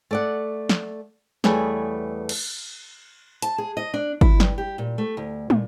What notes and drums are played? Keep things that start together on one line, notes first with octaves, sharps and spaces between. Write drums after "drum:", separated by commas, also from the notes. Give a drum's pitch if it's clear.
A3 D5 F#5
drum: snare
E2 G3 A3 G#4 B4 C#5, drum: snare
drum: cymbal
A5, drum: hi-hat
G#4
D#5
D4
E4, drum: kick
G2, drum: snare
G4
A#2
A3
D2
A#2, drum: tom